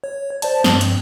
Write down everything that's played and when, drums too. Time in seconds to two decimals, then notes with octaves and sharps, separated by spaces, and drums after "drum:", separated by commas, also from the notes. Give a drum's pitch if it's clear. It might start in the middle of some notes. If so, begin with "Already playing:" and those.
0.04 C#5
0.42 C5 D5 A5, drum: hi-hat
0.64 G2 C4, drum: snare
0.81 drum: hi-hat